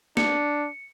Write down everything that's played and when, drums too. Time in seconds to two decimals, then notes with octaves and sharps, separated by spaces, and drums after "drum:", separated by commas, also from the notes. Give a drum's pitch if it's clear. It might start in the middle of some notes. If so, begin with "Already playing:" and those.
0.17 D4 C#7, drum: snare